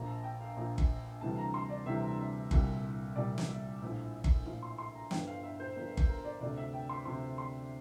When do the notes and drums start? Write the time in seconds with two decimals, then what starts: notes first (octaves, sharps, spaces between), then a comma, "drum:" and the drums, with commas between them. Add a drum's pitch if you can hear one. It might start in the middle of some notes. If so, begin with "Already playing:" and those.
Already playing: A#1 A#2 F3 A#5
0.08 A5
0.24 G5
0.41 F5
0.56 A#1 A#2 F3
0.78 drum: kick G1
1.21 D2 C3 E3 G3 A5
1.38 A#5
1.54 C6
1.70 D5
1.86 D2 C3 E3 G3 E5
2.19 E5
2.51 C2 A#2 G3, drum: kick G1
3.16 C2 A#2 G3 D5
3.38 drum: snare
3.48 E5
3.81 A#1 A2 F3
4.24 drum: kick G1
4.46 A#1 A2 F3 F5
4.63 C6
4.78 C6
4.95 A#5
5.11 G1 G2 F3 G5, drum: snare
5.27 F5
5.43 E5
5.60 C5
5.75 G1 G2 F3 A#4
5.97 drum: kick G1
6.08 A#4
6.25 D5
6.40 D2 C3 F3 D5
6.57 E5
6.73 G5
6.89 C6
7.05 D2 C3 F3 C6
7.38 C6